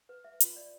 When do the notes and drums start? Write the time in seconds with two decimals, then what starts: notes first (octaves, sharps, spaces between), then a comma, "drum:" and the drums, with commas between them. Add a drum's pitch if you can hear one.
0.09 B4
0.24 E5
0.40 F4, drum: hi-hat
0.56 D5